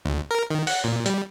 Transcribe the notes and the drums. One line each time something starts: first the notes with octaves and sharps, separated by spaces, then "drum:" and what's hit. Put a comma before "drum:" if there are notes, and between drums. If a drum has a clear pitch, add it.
D2
A#4
D#3
F#5, drum: open hi-hat
A#2
G3, drum: hi-hat